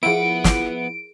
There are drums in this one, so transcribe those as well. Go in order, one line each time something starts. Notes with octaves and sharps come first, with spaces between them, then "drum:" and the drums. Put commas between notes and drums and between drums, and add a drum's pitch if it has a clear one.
F3 B3 E4 G#4 A#4 F#5 D7
drum: snare